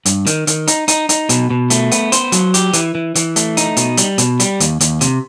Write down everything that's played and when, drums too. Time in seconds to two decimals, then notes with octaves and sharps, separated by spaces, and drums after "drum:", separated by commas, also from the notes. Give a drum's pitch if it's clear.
0.06 G2, drum: hi-hat
0.26 D#3, drum: hi-hat
0.47 D#3, drum: hi-hat
0.68 D#4, drum: hi-hat
0.88 D#4, drum: hi-hat
1.09 D#4, drum: hi-hat
1.29 B2, drum: hi-hat
1.50 B2
1.70 A3, drum: hi-hat
1.92 B3, drum: hi-hat
2.12 C5, drum: hi-hat
2.32 F#3, drum: hi-hat
2.54 G4, drum: hi-hat
2.73 E3, drum: hi-hat
2.95 E3
3.15 E3, drum: hi-hat
3.36 A3, drum: hi-hat
3.57 D#4, drum: hi-hat
3.77 B2, drum: hi-hat
3.97 G3, drum: hi-hat
4.18 B2, drum: hi-hat
4.40 G3, drum: hi-hat
4.60 D#2, drum: hi-hat
4.80 D#2, drum: hi-hat
5.01 C3, drum: hi-hat